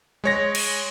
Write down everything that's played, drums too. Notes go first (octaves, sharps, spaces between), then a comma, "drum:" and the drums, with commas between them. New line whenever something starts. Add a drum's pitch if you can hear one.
G#3 C#5 A#6
drum: cymbal